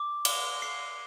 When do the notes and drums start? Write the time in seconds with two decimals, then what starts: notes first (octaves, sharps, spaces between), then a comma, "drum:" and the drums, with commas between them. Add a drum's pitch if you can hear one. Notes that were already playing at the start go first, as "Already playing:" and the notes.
Already playing: D6
0.25 G7, drum: cymbal
0.62 C7